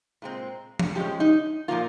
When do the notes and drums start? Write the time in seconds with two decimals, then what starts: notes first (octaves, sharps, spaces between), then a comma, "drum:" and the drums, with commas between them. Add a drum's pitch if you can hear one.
0.22 A#2 G#3 C4
0.79 drum: tom F3
0.95 F3 G#3 C#4 G4
1.20 D#4
1.68 A#2 F3 A#3 F4